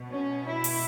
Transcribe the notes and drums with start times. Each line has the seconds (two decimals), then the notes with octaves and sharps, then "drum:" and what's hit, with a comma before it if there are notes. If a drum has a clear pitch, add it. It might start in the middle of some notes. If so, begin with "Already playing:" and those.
Already playing: B2
0.10 C#4
0.46 E4
0.64 drum: open hi-hat